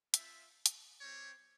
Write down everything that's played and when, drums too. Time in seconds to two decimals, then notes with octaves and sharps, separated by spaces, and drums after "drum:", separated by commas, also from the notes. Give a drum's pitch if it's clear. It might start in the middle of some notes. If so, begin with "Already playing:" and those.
0.14 C4 F4 E5, drum: hi-hat
0.66 drum: hi-hat
1.01 G3 C4 G4 C#5